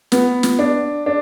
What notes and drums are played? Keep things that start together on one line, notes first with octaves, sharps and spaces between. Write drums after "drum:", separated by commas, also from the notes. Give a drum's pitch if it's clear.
B3, drum: snare
drum: snare
D4
D4